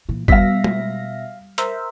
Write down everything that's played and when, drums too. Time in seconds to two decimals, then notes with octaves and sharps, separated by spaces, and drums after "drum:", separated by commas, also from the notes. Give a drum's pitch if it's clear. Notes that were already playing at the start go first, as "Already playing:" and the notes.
0.09 A#2 E3
0.28 B2 G3 E5 F5 A#6 B6, drum: kick
0.64 drum: tom
1.58 A#4 C5 E5, drum: hi-hat